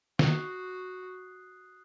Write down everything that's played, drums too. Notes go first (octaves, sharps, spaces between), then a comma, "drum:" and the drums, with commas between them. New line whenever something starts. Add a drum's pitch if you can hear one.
F#4 D#6 F#6 C7, drum: snare